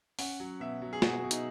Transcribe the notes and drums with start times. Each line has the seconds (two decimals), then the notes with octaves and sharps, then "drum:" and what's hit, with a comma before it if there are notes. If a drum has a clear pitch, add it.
0.19 C#4 F#5, drum: open hi-hat
0.40 F#3
0.60 B2 E5
0.82 F#3
0.93 G#4
1.02 B2 F#4, drum: snare
1.23 B2
1.31 D#4, drum: hi-hat